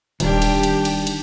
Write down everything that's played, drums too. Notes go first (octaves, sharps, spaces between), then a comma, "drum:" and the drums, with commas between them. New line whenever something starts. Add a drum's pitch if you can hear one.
D#1 D#3 G3 D4 G4, drum: cymbal
drum: cymbal
drum: cymbal
drum: cymbal
drum: cymbal